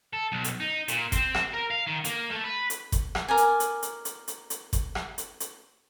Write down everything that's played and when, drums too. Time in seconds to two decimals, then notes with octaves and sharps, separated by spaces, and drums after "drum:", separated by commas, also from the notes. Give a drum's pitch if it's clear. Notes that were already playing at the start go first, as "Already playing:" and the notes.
0.13 A4
0.32 B1
0.44 drum: hi-hat
0.60 D#4
0.88 A#2, drum: hi-hat
1.12 C4, drum: kick G1, hi-hat
1.35 drum: rim click
1.53 A#4
1.70 F5
1.87 D#3
2.04 A#3, drum: hi-hat
2.31 A3
2.44 B4
2.70 drum: hi-hat
2.92 drum: kick G1, hi-hat
3.15 drum: rim click
3.28 A#4 D5 G#5
3.37 drum: hi-hat
3.60 drum: hi-hat
3.82 drum: hi-hat
4.05 drum: hi-hat
4.28 drum: hi-hat
4.50 drum: hi-hat
4.73 drum: kick G1, hi-hat
4.95 drum: rim click
5.18 drum: hi-hat
5.40 drum: hi-hat